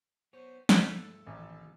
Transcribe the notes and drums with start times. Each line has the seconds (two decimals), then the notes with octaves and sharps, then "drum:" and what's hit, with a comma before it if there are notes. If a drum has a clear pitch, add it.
0.33 B3 C5 C#5
0.69 D3 F#3 A3 B5, drum: snare
0.90 G2 A3 A4
1.27 A1 D#2 C3 F3